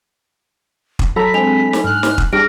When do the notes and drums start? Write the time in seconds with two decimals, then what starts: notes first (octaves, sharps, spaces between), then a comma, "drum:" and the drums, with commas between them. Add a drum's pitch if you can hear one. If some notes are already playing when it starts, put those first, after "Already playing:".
0.99 drum: kick
1.16 F#3 A4 A#5 B5 B6
1.34 G#3 C4 D4 G#5 F7
1.73 drum: snare
1.84 G#2 F6 F#6
2.03 drum: snare
2.18 drum: kick
2.33 G3 D4 G#4 F6 A#6 D7